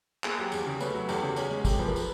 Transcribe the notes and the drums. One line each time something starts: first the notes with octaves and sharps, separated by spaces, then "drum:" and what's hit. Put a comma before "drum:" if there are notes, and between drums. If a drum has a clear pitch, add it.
A#3 G#4, drum: clap
F#3 G4
E2 G#4, drum: tambourine
C#3
A3 B4 C#5, drum: tambourine
F#3
E2 G4 A4, drum: tambourine
C#3
C#4 G#4, drum: tambourine
G#3
C3 G4 A4, drum: kick, tambourine
F3 B4
A#4
A4 B4, drum: tambourine